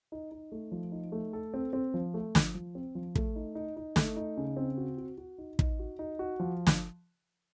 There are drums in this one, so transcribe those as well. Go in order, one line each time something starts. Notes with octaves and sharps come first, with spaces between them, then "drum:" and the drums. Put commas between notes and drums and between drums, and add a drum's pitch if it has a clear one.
D#4
D#4
A3
F3
D#4
A3
A4
C4
C4
F3
A3
F3, drum: snare
F3
C4
F3
A3, drum: kick
D#4
D#4
D#4
A3, drum: snare
D#4
C#3
C4
F#4
F#4
F#4
D#4
D#4, drum: kick
F#4
D#4
F#4
F3
drum: snare